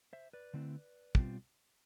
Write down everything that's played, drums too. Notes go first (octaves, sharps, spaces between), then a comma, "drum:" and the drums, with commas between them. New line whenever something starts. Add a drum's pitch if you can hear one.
C5 E5
B4 D5
D3 A3 C4 E4
B2 G3 C4 F4, drum: kick